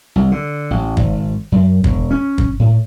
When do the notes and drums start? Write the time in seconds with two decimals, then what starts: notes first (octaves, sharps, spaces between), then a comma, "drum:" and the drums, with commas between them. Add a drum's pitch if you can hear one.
0.16 C2
0.32 D3
0.71 A1
0.97 G#1, drum: kick
1.52 F#2
1.84 E1, drum: kick
2.11 C#4
2.38 drum: kick
2.59 A2